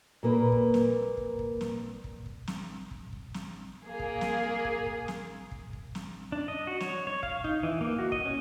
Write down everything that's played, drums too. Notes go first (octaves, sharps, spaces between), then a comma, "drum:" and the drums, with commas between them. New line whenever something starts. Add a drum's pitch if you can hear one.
A#2 A#3 B4
drum: kick
drum: snare
drum: kick
drum: kick
drum: snare
drum: kick
drum: kick
drum: snare
drum: kick
drum: kick
drum: snare
A#3 G#4
drum: kick
drum: snare
drum: kick
drum: kick
drum: snare
drum: kick
drum: kick
drum: snare
D4
D#5
F#4
C#5, drum: snare
C#5
F5, drum: kick
D#4, drum: kick
E3
A#3
F#4
D#5, drum: kick
C#4